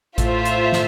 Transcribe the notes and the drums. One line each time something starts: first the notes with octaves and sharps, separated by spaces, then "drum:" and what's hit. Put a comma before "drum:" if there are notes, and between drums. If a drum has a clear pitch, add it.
A2 F4 C5 E5, drum: kick A1, hi-hat
drum: hi-hat
drum: snare